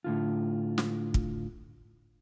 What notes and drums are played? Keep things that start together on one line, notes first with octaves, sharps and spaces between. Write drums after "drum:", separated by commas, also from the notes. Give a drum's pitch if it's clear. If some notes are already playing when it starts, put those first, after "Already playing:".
A2 D3 F4
drum: snare
drum: kick